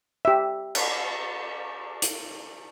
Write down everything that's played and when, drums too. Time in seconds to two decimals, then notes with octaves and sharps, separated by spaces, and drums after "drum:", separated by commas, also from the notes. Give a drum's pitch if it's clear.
0.25 G4 E5
0.75 drum: cymbal
2.02 drum: hi-hat